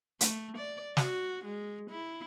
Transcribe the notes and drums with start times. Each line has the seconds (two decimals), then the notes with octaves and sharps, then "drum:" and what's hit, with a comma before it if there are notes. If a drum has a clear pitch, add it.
0.21 A3, drum: hi-hat
0.57 D5
0.97 F#4, drum: snare
1.45 G#3
1.90 E4